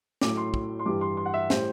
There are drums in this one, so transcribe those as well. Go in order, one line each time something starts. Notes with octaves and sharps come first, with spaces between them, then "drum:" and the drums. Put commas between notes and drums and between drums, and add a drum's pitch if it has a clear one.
A2 F#3 A3 D6, drum: snare
C6
drum: kick
C6
G2 E3 G3 D6
C6
C6
F#5
E5
A2 G3 C5, drum: snare